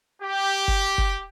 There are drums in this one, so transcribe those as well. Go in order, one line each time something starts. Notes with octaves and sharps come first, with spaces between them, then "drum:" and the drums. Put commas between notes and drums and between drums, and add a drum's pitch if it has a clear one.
G4
drum: kick F#1
drum: kick F#1